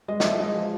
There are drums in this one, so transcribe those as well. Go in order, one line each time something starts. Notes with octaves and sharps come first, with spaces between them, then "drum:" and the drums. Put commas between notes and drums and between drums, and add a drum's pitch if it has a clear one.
G#3 D#5
D#5, drum: snare
F3 E5
G#3 D#5
F3